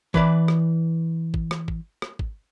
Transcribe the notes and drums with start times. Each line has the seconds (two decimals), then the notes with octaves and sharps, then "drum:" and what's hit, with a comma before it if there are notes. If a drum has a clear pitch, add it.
0.14 E3 B4 D5, drum: kick G#1
0.48 drum: rim click
1.34 drum: kick G#1
1.51 drum: rim click
1.68 drum: kick G#1
2.02 drum: rim click
2.19 drum: kick G#1